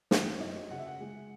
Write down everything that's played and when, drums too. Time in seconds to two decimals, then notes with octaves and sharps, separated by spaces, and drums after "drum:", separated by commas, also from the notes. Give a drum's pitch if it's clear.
0.11 F#2 E5, drum: snare
0.29 C#5
0.41 F#2 D#5
0.70 C#3 F#5
0.78 E5
0.87 F#5
1.00 G#3